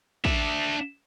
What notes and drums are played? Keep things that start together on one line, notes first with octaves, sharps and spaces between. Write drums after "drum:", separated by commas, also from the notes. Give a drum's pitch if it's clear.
D4 E5, drum: kick